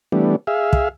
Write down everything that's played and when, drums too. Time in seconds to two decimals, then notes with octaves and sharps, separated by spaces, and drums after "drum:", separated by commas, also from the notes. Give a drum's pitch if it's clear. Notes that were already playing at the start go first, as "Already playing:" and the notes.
0.12 E3 G3 A3 B3 D4
0.47 G#4 E5 F5
0.73 drum: kick